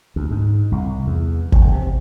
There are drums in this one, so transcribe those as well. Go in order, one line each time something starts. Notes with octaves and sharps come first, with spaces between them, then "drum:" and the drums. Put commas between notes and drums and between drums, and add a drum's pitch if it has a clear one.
D2
G#2
C2
E2
E1, drum: kick G1
C3